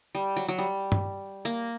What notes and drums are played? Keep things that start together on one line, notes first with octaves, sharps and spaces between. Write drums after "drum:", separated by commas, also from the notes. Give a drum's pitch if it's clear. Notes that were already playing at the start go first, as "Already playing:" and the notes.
G3
F#3
F#3
G3
drum: tom G2
A#3